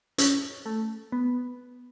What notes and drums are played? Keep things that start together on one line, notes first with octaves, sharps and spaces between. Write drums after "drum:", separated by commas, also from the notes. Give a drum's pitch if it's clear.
C#4, drum: hi-hat
A3
B3